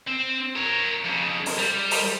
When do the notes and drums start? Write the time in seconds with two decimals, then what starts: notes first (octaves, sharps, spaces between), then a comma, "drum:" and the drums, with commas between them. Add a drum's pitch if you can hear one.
0.07 C4
0.56 A#4 C#5
1.05 F2 C#3
1.46 drum: open hi-hat
1.58 G3
1.91 drum: open hi-hat